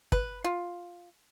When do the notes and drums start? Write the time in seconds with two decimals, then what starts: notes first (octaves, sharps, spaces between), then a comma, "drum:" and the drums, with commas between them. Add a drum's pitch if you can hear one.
0.12 B4, drum: kick
0.44 F4